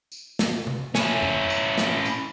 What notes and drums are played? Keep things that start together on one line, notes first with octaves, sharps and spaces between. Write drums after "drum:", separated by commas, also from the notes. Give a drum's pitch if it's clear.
drum: tambourine
drum: snare
drum: tom C3
C#4 E4, drum: snare
drum: tom F2
drum: tambourine
drum: snare
drum: tambourine